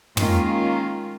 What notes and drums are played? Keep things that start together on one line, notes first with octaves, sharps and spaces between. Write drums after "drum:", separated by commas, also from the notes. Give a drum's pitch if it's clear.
D#3 G#3 A#3 C#4 F4, drum: tom